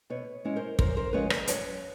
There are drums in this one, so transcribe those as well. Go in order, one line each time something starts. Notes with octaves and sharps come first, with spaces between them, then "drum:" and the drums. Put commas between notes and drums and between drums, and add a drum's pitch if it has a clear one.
B2 B4 C#5
G#3 C#4 E4
A#4 C5
F#2 A#4 C5, drum: kick
A#4 C5
C#3 F3 G#3 C#4 B4 C#5
C5 D5, drum: rim click
F#2 B4 C#5, drum: hi-hat